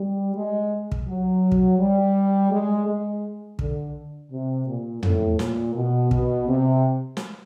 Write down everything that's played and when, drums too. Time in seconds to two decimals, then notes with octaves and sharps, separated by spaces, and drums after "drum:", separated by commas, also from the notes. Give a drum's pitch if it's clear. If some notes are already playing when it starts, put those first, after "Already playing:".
Already playing: G3
0.35 G#3
0.92 drum: kick
1.07 F#3
1.52 drum: kick
1.79 G3
2.52 G#3
2.87 G#3
3.59 D3, drum: kick
4.31 C3
4.67 A#2
5.03 A2, drum: tom
5.39 A#2, drum: snare
5.75 B2
6.11 B2, drum: kick
6.48 C3
7.17 drum: snare